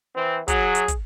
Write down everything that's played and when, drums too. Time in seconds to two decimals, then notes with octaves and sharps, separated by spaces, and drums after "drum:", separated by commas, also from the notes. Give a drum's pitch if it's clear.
0.16 E3 C4
0.48 F#3 G#4, drum: kick, hi-hat
0.75 drum: hi-hat
0.88 drum: kick, hi-hat